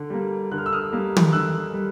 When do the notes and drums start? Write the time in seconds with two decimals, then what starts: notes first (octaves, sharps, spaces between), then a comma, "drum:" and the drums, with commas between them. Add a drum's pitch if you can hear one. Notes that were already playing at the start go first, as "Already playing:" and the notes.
Already playing: D3
0.10 G3 A#3
0.52 D3 F#6
0.58 F6
0.66 E6
0.73 D#6 F6
0.92 G3 A#3
1.17 drum: tom
1.32 D3 E6 F#6
1.73 G3